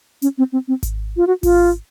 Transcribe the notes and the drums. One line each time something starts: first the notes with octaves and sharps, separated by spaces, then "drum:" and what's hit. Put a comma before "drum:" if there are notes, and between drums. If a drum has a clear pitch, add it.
C#4, drum: hi-hat
C4
C4
C4
drum: kick G#1, hi-hat
F4
F#4
F4, drum: kick G#1, open hi-hat